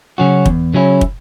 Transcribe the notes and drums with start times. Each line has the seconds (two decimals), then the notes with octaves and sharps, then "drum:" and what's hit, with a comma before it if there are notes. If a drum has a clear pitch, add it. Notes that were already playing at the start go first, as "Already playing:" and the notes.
0.18 C#3 F#3 C#4 F#4
0.46 E2, drum: kick
0.74 C#3 F#3 C#4 E4
1.01 drum: kick